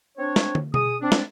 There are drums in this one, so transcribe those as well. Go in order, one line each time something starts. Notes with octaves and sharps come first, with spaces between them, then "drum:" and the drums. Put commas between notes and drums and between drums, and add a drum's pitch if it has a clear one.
C4 D4 C#5
drum: snare
drum: tom
G#4 D#6, drum: tom B2
C4 D4
drum: snare